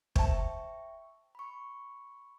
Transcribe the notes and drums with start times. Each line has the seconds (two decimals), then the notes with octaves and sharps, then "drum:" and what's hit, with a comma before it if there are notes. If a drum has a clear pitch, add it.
0.16 C5 E5 G5 A5 C#6, drum: kick
1.35 B5 C#6